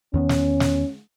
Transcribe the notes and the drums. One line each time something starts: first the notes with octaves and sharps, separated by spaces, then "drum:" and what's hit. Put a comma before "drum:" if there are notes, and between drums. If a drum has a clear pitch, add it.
E2 D#3 B3 C#4
drum: snare
drum: snare